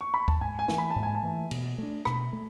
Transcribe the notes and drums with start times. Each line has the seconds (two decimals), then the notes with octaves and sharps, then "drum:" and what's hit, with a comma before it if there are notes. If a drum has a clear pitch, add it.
0.01 C#6
0.14 B5
0.28 A5, drum: kick D2
0.41 G#2 G#5
0.59 G#5
0.68 E3 A3, drum: snare
0.78 B5
0.90 A5
0.96 G#2
1.03 G#5
1.15 A5
1.23 E3 A3
1.51 B2, drum: cymbal
1.78 A3 D4
2.05 B2 B5, drum: rim click
2.33 A3